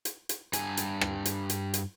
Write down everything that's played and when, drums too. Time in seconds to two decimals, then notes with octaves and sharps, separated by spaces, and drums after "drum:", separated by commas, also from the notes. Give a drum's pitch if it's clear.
0.05 drum: hi-hat
0.29 drum: hi-hat
0.53 G2 G#5, drum: hi-hat
0.77 drum: hi-hat
1.01 drum: rim click
1.25 drum: hi-hat
1.50 drum: hi-hat
1.74 drum: hi-hat